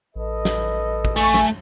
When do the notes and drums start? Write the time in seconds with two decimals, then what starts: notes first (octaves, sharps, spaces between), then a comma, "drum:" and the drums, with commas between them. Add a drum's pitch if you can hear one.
0.16 A1 A4 B4 D#5
0.45 drum: snare
1.05 drum: kick
1.16 A3 G#5 C#6
1.34 drum: snare